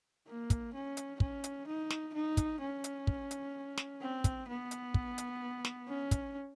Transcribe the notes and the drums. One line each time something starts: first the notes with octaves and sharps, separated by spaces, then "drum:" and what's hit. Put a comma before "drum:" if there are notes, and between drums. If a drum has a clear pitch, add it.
A#3
drum: kick, hi-hat
C#4
drum: hi-hat
C#4, drum: kick
drum: hi-hat
D#4
drum: snare
D#4
drum: kick, hi-hat
C#4
drum: hi-hat
drum: kick
drum: hi-hat
drum: snare
C4
drum: kick, hi-hat
B3
drum: hi-hat
drum: kick
drum: hi-hat
drum: snare
C#4
drum: kick, hi-hat